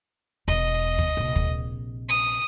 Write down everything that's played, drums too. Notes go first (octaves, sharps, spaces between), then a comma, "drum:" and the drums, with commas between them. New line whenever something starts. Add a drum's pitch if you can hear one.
E1 E2 D#5
drum: kick
A#1 C3
drum: kick
D#6